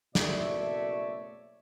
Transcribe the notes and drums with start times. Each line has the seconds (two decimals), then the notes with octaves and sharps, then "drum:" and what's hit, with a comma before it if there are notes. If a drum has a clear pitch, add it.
0.15 F#1 B2 A3 C#5 D5 E5, drum: snare